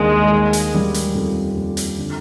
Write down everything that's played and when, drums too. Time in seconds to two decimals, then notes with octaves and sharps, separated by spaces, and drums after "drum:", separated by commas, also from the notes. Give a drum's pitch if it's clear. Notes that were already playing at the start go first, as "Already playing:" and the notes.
Already playing: D#2 G3 G#3 D4
0.32 D#3
0.53 drum: hi-hat
0.74 G3
0.94 drum: hi-hat
1.15 F2
1.56 F2
1.77 drum: hi-hat
1.98 D3